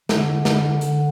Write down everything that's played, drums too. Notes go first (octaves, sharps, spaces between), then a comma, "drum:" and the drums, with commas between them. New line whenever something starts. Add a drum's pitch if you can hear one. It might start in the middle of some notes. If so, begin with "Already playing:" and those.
D3, drum: snare
drum: snare
D3, drum: hi-hat